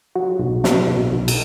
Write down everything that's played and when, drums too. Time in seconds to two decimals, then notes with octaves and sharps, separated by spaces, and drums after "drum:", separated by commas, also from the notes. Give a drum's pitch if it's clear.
0.15 F#3
0.39 B1
0.64 F#3, drum: snare
0.87 B1
1.12 B1
1.28 drum: cymbal